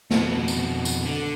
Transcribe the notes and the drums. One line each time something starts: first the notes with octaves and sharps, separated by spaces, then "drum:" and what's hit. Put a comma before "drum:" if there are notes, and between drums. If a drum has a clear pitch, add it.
F2 B2, drum: snare
drum: tambourine
drum: tambourine
D3